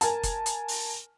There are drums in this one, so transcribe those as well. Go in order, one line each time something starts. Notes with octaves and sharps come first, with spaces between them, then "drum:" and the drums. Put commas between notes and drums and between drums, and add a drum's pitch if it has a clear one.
A#4 G#5 A5, drum: hi-hat
drum: kick, hi-hat
drum: hi-hat
drum: open hi-hat